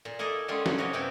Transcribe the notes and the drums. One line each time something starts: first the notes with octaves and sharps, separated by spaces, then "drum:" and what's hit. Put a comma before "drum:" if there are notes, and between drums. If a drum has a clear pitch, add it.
A#2
A#3 E4 G#4 A4 D#5
D3 G3 G#3 C#4 F4 C#5
F#5, drum: snare
C3 A#3 F#4 A#4 C#5 D#5
F#2 C3 B3 E4 G5